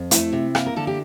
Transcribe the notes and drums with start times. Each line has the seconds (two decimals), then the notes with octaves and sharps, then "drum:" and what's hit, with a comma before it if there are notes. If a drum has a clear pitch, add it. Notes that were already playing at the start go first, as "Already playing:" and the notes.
Already playing: F2
0.11 A3 E4, drum: hi-hat
0.33 C3
0.55 A#3, drum: rim click
0.66 A#4
0.76 D3 A4
0.87 G4